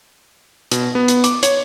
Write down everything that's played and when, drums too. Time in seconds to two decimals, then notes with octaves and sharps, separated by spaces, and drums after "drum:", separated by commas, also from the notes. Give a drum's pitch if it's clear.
0.71 B2, drum: hi-hat
0.95 B3
1.08 drum: hi-hat
1.24 D6, drum: hi-hat
1.43 C#5, drum: hi-hat